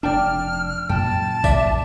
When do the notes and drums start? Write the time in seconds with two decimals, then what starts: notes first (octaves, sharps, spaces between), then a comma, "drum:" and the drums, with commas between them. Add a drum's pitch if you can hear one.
0.03 F1 D4 D5 G5 A5 F6
0.89 F#2 A#2 G5 A5
1.44 D5 E5, drum: kick A1, tambourine